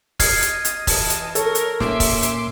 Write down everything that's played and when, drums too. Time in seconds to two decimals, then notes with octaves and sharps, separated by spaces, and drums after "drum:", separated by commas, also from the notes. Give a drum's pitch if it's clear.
0.19 D#5 F6 G#6 C7, drum: kick F1, open hi-hat
0.42 drum: hi-hat
0.65 drum: hi-hat
0.87 E3 A5, drum: kick F1, open hi-hat
1.10 drum: hi-hat
1.35 A4 A#4 C#5, drum: hi-hat
1.55 drum: hi-hat
1.80 A#2 C#4 E5 C6 D6, drum: snare
2.00 drum: kick F1, open hi-hat
2.22 drum: hi-hat